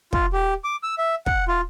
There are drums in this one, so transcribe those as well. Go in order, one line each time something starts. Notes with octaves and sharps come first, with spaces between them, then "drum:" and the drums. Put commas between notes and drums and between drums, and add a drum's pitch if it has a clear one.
F4, drum: kick
G4
D6
E6
E5
F#5, drum: kick
F4